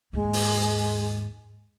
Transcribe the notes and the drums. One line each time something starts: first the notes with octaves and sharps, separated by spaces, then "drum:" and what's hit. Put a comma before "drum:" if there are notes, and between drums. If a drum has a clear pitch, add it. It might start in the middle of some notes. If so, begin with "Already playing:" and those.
D#2 G#2 G#3
drum: open hi-hat